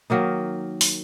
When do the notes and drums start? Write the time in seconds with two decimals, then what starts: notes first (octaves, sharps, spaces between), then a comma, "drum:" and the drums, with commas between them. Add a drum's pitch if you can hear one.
0.10 D#3 F#3 A#3 D#4
0.81 drum: open hi-hat